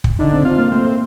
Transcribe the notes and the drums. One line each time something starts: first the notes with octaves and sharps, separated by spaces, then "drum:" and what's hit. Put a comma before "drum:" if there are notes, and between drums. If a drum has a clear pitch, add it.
drum: kick
D3 D#4
C4
C4 F4
A#3
A3 C4
A#3